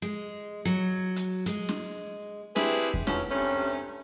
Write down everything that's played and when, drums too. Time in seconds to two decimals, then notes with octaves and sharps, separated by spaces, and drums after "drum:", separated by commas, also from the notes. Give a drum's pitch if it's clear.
0.02 G#3
0.65 F#3
1.16 drum: hi-hat
1.46 G#3, drum: hi-hat
1.69 drum: snare
2.56 C4 D4 E4 G4 G#4 B4, drum: snare
2.94 drum: kick E2
3.07 D#3 F3 F#3 B3 C#4, drum: snare
3.30 G2 C3 A3 C#4